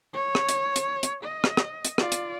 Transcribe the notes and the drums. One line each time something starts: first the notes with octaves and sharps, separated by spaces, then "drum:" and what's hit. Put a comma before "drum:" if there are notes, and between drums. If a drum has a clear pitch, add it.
C#5
drum: rim click
drum: hi-hat
drum: hi-hat
drum: hi-hat
D#5
drum: rim click
drum: rim click
drum: hi-hat
F4 D5, drum: rim click
drum: hi-hat